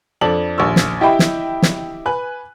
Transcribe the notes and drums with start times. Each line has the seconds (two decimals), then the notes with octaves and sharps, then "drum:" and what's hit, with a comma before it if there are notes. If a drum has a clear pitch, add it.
0.21 F2 D4 A4 F#7
0.58 A#1 D#2 C#6 E6
0.76 drum: snare
1.01 E4 G4 D#5 E5 G5 B5
1.19 drum: snare
1.62 drum: snare
2.06 B4 G#5 F#6